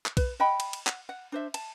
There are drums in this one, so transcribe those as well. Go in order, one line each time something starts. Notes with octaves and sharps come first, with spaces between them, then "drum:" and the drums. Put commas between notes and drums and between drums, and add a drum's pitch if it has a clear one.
drum: clap
B4, drum: kick, cymbal
D#5 F#5 G5 B5
drum: cymbal
drum: cymbal
F#5, drum: clap
F#5
D4 C5 E5
A5, drum: cymbal